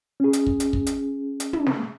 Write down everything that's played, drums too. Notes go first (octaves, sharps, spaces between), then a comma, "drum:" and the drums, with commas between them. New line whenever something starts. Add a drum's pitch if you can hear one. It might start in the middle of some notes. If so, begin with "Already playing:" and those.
C#4 G#4
drum: hi-hat
drum: kick
drum: hi-hat
drum: kick
drum: hi-hat
drum: hi-hat
drum: tom
drum: snare